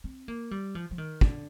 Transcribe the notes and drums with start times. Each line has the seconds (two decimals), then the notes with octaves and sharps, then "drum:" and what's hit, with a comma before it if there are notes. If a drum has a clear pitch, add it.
0.04 C4
0.28 A#3
0.51 G3
0.75 F3
0.91 F3
0.98 D#3
1.21 D3, drum: kick